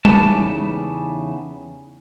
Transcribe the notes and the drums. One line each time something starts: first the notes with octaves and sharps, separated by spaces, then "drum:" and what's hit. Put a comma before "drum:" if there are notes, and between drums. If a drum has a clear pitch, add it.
E2 C#3 D#4 G4 B4 A5, drum: tom